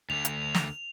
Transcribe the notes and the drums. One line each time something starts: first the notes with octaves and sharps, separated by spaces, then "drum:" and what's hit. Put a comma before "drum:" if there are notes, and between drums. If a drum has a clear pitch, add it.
D2 D3 F7
drum: hi-hat
drum: snare